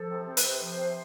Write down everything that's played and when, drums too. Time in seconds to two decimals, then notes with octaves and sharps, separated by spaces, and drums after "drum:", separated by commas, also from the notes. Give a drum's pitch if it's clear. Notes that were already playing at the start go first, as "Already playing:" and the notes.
Already playing: F3 A4
0.10 C3
0.27 C4
0.37 B4, drum: hi-hat
0.44 C3 C5
0.61 F3
0.70 C5
0.79 C3